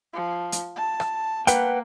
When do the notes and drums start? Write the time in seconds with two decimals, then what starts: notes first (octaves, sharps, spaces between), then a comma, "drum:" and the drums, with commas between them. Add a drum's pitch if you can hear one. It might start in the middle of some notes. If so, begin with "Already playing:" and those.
0.13 F3
0.52 drum: hi-hat
0.76 A5
1.00 drum: rim click
1.47 A#3 B4 F#5 G5, drum: hi-hat